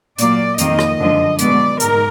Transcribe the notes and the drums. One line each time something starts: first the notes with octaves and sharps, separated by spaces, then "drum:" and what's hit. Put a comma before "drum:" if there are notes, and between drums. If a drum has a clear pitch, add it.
A#2 F#3 A#3 D5, drum: hi-hat
F2 D#3 A#3 D#5, drum: hi-hat
drum: rim click
F#2 D3 F3 G#3
B2 G#3 B3 D5, drum: hi-hat
G#2 A#4, drum: hi-hat